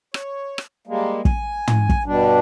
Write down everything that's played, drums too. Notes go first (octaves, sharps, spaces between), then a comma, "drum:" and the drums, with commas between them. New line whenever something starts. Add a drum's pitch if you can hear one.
C#5, drum: rim click
drum: rim click
G3 G#3 A#3
G#5, drum: kick
drum: tom
drum: kick
G2 B2 G3 D4